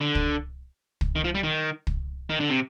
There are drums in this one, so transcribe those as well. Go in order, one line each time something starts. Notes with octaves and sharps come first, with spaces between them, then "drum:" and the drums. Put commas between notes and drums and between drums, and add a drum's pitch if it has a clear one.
D3
drum: kick
drum: kick
D#3
F3
G3
D#3
drum: kick
D#3
D3
C3